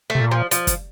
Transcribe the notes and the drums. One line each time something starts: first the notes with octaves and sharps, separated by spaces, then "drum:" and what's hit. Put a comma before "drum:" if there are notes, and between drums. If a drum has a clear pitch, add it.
A3
C3
A#2
F3
F3, drum: hi-hat
drum: kick, hi-hat